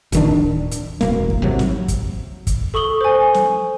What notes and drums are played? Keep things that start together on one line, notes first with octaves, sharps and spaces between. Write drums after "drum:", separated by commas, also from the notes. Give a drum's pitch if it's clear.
D1 D#3 D4, drum: kick, hi-hat
drum: hi-hat
E1 B2 A#3, drum: snare
drum: kick
G#1 C3 F#3
drum: snare
drum: kick, hi-hat
drum: kick, hi-hat
A4 C#6 D#6 F#7 G7
C5 G#5
drum: snare